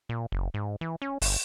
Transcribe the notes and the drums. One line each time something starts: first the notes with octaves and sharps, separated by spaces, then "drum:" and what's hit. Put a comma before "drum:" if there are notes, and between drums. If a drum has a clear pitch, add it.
A#2
F#1
G#2
E3
C#4
G1, drum: open hi-hat